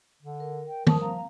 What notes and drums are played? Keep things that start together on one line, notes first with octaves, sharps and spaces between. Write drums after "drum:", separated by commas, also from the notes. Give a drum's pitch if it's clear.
D3
A#4
G5
F3 G3 A#4 A5 D#6, drum: tom
F5 A#5
A#5